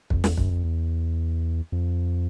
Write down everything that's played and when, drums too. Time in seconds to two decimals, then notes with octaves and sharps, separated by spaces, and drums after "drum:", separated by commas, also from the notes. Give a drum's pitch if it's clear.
0.10 F2, drum: kick
0.24 E2, drum: snare
0.37 F#2, drum: kick
0.51 F2
0.64 E2
1.72 F2